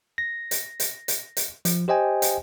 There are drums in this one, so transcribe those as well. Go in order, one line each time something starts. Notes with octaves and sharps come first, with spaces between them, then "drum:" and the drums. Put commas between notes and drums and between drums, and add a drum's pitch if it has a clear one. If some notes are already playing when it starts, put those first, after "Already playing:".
A#6
drum: hi-hat
drum: hi-hat
drum: hi-hat
drum: hi-hat
F3, drum: hi-hat
G4 C5 D#5 G5 G#5
drum: hi-hat